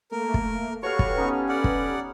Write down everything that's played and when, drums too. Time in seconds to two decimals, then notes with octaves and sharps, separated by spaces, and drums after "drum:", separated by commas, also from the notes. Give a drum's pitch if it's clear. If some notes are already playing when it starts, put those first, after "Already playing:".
0.11 A3 A#3 A#4
0.34 drum: kick
0.83 F#4 G4 A4 B4 C#5 F5 C#6
0.99 drum: kick
1.18 B3 C#4 D#4
1.49 D5 F#5
1.64 drum: kick